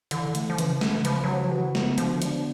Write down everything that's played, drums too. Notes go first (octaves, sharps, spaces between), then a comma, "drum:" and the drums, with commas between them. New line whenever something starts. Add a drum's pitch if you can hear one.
D3 E3, drum: hi-hat
A3, drum: hi-hat
F3
C#3 E3, drum: hi-hat
C#3, drum: snare
F3 B4, drum: hi-hat
F#3 F#4
F3
E3 F#4
B3, drum: snare
D3 F3, drum: hi-hat
D4, drum: hi-hat